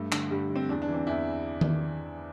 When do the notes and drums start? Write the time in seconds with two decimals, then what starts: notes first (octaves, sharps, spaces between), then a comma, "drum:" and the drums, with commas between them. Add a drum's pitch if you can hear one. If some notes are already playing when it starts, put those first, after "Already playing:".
Already playing: G2 A3
0.12 D3, drum: clap
0.31 G2 G3
0.50 D3
0.56 C4
0.69 E2 D4
0.82 D4
0.88 E3
0.94 C4
1.07 E2 E4
1.61 drum: tom D#3